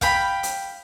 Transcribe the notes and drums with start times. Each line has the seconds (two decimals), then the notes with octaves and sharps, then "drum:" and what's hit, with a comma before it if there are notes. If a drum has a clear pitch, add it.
0.01 F5 G5 B5, drum: kick, hi-hat
0.43 drum: hi-hat